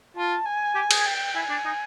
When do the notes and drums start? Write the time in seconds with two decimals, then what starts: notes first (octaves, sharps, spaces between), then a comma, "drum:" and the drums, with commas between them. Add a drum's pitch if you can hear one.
0.16 F4 A5
0.45 G#5
0.75 G4
0.91 G#4, drum: cymbal
1.06 G5
1.35 E4 G#5
1.50 D4
1.65 D#4